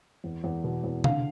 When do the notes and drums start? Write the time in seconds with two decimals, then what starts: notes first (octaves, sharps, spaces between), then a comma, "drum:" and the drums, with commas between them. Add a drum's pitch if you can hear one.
0.24 E2
0.44 E2
0.64 B2
0.84 E2
1.04 D3 F5, drum: tom C3